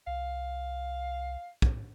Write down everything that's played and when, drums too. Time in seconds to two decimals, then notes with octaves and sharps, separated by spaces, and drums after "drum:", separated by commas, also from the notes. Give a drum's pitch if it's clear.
0.07 C2 F5
1.62 drum: kick